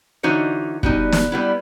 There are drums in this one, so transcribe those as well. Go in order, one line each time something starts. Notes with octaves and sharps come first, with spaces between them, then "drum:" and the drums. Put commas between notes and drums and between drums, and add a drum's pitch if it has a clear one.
D3 E3 D#4 F#4 C5 C#5
B2 G3 D#4, drum: kick
drum: snare
G3 B3 E4